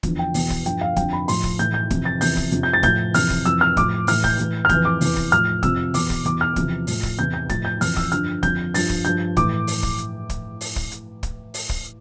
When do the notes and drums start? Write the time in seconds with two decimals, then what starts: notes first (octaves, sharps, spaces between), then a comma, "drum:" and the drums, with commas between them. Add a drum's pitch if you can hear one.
0.03 E2 D3 F3, drum: kick, hi-hat
0.19 G5
0.34 E2 B2, drum: open hi-hat
0.50 drum: kick
0.66 G2 F3 G5, drum: hi-hat
0.81 F5
0.96 F2 D3 F3 G5, drum: kick, hi-hat
1.13 B5
1.28 A2 F3 C6, drum: open hi-hat
1.44 drum: kick
1.59 A2 E3 G6, drum: hi-hat
1.74 G6
1.90 F2 C3 E3, drum: kick, hi-hat
2.05 A6
2.21 E2 C3 F3 G6, drum: open hi-hat
2.37 drum: kick
2.52 F2 C3 F3, drum: hi-hat
2.63 G6
2.73 A6
2.83 A2 F3 G6, drum: kick, hi-hat
3.14 F2 C3 E3 F6, drum: open hi-hat
3.30 drum: kick
3.45 F2 E3 E6, drum: hi-hat
3.61 F6
3.77 A2 F3 D6, drum: kick, hi-hat
4.07 A2 E3 F6, drum: open hi-hat
4.24 G6, drum: kick
4.39 A2 E3, drum: hi-hat
4.65 F6
4.69 F2 E3 G6, drum: kick, hi-hat
4.85 D6
5.01 E2 C3 E3, drum: open hi-hat
5.17 drum: kick
5.32 A2 F3 F6, drum: hi-hat
5.63 F2 C3 F3 E6, drum: kick, hi-hat
5.94 E2 B2 D6, drum: open hi-hat
6.10 drum: kick
6.25 E2 B2 D6, drum: hi-hat
6.41 F6
6.56 E2 C3 F3, drum: kick, hi-hat
6.87 A2 F3, drum: open hi-hat
7.03 drum: kick
7.19 E2 C3 E3 G6
7.34 G6
7.49 A2 F3 A6, drum: kick, hi-hat
7.65 G6
7.81 F2 E3 F6, drum: open hi-hat
7.97 E6, drum: kick
8.12 G2 D3 F3 F6, drum: hi-hat
8.43 F2 D3 F3 G6, drum: kick, hi-hat
8.74 G2 F3 A6, drum: open hi-hat
8.90 drum: kick
9.05 G2 F3 G6, drum: hi-hat
9.37 A2 E3 D6, drum: kick, hi-hat
9.67 drum: open hi-hat
9.83 drum: kick
9.98 drum: hi-hat
10.30 drum: kick, hi-hat
10.61 drum: open hi-hat
10.76 drum: kick
10.92 drum: hi-hat
11.23 drum: kick, hi-hat
11.54 drum: open hi-hat
11.69 drum: kick